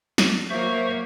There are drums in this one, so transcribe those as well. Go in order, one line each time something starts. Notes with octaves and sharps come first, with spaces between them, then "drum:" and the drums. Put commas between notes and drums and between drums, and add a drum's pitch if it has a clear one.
drum: snare
F#3 A#3 C5 E5 C#6